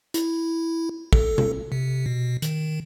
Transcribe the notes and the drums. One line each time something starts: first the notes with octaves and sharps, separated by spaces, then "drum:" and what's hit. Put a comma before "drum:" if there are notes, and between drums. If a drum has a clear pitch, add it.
E4, drum: hi-hat
A4, drum: kick
drum: tom B2
C3
B2
D#3, drum: hi-hat